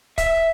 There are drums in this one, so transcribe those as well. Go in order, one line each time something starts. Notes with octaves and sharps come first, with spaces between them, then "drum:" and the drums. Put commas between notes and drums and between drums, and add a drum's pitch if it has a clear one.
E5, drum: kick C#1, hi-hat